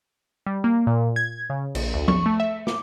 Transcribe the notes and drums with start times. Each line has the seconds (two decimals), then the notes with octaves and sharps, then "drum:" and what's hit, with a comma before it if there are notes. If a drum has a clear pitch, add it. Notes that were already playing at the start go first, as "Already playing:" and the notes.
0.46 G3
0.64 A#3
0.87 A#2
1.16 G#6
1.50 C#3
1.75 A#1, drum: cymbal
1.94 D2
2.08 C#6, drum: tom F3
2.26 A3
2.40 E5
2.67 D6, drum: snare